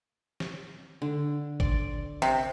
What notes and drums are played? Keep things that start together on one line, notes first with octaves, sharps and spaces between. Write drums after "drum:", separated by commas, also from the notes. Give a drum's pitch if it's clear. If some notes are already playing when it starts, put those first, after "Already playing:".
drum: snare
D3
D5 C6, drum: kick
C3, drum: snare